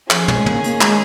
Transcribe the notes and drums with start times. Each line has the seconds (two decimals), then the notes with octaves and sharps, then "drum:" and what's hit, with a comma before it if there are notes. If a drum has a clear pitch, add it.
0.10 D#3 F3 C#4 G#4, drum: clap
0.28 G#3, drum: tom
0.46 A#3, drum: tom
0.64 A#3, drum: hi-hat
0.81 G#3, drum: clap